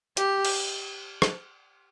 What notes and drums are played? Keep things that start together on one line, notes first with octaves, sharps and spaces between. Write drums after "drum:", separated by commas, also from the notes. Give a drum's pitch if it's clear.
G4, drum: hi-hat
drum: cymbal
drum: rim click